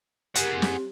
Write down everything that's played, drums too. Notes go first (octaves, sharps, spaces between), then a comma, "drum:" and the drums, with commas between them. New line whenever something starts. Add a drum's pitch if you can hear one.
G4 G#4 A#4 F#5, drum: hi-hat
C4 G4
drum: snare